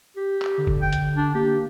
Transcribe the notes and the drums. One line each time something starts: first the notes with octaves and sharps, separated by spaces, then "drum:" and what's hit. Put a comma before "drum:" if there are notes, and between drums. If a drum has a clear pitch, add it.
G4
drum: clap
D3
drum: kick F#1
G5
drum: hi-hat
D4
A#3 G4